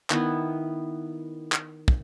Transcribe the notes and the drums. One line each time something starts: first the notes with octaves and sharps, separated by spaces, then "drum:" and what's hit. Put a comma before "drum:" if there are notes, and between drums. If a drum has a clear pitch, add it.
D#3 B3 E4, drum: clap
drum: clap
drum: kick